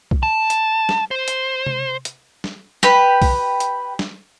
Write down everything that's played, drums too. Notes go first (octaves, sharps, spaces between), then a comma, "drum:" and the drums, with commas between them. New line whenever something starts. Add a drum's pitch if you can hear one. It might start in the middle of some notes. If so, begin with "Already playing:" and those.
drum: kick B1
A5
drum: hi-hat
drum: snare
C5
drum: hi-hat
drum: tom C3
drum: hi-hat
drum: snare
G4 B4, drum: snare
drum: kick B1, open hi-hat
drum: hi-hat
drum: snare